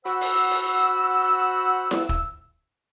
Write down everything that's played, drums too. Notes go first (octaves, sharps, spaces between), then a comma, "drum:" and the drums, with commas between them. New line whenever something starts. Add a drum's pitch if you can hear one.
F#4 C5 F#5 B5 E6, drum: hi-hat
drum: open hi-hat
drum: open hi-hat
drum: snare E4
drum: kick